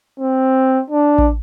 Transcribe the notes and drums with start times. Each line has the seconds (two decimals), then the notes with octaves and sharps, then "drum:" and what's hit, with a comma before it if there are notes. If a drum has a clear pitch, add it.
0.20 C4
0.90 D4
1.18 drum: kick A1